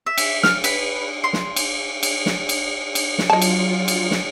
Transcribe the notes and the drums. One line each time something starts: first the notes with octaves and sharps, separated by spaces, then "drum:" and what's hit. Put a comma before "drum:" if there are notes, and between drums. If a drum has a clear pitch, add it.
E5
drum: cymbal
F6, drum: snare
B4, drum: cymbal
C6
drum: snare
drum: cymbal
drum: cymbal
drum: snare
drum: cymbal
drum: cymbal
drum: snare
F#3 F4 D#5 A5
drum: cymbal
drum: cymbal
drum: snare